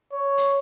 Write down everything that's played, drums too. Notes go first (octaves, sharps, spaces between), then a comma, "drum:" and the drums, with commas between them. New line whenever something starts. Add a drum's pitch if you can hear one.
C#5
drum: hi-hat